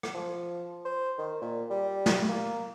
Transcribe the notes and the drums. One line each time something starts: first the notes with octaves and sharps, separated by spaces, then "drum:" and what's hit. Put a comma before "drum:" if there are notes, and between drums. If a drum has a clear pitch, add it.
drum: rim click
F3
C5
D#3
A#2
G3
drum: snare
A#3